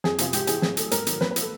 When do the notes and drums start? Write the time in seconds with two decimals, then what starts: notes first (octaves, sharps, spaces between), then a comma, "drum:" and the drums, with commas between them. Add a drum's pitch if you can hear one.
0.04 F2 G#4, drum: snare
0.18 C3 F3, drum: hi-hat
0.33 G#2 G4, drum: hi-hat
0.47 E3 G#4, drum: hi-hat
0.62 A2 G#4, drum: snare
0.77 F#3 A4, drum: hi-hat
0.91 G#2 A#4, drum: hi-hat
1.07 D#3 F#3, drum: hi-hat
1.21 A#2 B4, drum: snare
1.31 B4
1.36 F3, drum: hi-hat
1.41 A4